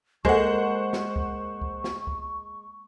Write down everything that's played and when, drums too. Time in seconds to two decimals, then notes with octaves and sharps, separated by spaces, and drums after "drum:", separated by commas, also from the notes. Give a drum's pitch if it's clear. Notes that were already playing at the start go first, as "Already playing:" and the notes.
0.25 G#3 A#3 C5 F#5 C#6, drum: kick C#2
0.93 drum: snare
1.16 drum: kick C#2
1.61 drum: kick C#2
1.84 drum: snare
2.07 drum: kick C#2